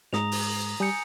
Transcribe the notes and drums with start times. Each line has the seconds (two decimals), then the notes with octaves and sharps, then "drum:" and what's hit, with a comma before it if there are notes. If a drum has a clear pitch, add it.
0.13 G#2 G#3 A#5 D#6 A#6 F7, drum: snare
0.32 drum: open hi-hat
0.80 G3 G#5 D#6 G6 C#7